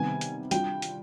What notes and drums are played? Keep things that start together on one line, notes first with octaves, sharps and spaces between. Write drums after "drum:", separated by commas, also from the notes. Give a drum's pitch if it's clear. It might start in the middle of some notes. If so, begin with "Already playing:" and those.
Already playing: C3 D#3 G3 B3 G#5
drum: hi-hat
G3 D4 F4 G5, drum: hi-hat
drum: hi-hat